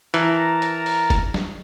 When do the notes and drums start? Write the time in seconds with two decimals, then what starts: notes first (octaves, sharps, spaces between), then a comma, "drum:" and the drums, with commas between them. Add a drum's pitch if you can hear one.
0.14 E3 A#4 A5 A#5, drum: hi-hat
0.62 drum: hi-hat
0.86 drum: open hi-hat
1.10 drum: kick, hi-hat
1.34 drum: snare